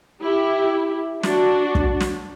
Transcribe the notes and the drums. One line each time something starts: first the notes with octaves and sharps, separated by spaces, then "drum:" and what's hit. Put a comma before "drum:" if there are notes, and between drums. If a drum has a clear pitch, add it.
E4 G4
D4 F#4, drum: snare
drum: kick
drum: snare